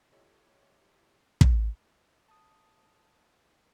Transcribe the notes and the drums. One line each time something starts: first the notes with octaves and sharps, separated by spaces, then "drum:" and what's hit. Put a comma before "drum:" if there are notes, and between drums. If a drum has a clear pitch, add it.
E4 F4 G4 A4 C#5 D#5
drum: kick
A5 D#6